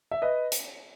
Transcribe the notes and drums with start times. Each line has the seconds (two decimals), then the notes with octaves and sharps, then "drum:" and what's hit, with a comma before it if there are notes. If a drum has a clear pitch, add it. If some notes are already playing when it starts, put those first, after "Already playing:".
0.11 E5
0.22 B4 D#5
0.52 drum: hi-hat